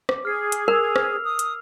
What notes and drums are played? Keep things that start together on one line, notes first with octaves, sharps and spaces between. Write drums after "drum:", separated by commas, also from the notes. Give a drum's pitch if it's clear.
D6, drum: rim click
G#4 F6 C7
drum: hi-hat
A#4 E6 F7
F6, drum: rim click
D#6
drum: hi-hat